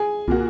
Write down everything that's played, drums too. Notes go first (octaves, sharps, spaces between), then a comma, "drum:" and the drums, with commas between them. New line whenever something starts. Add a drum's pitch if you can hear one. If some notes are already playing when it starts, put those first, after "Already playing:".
Already playing: G#4 G#5
A#2 A#3 F#4, drum: kick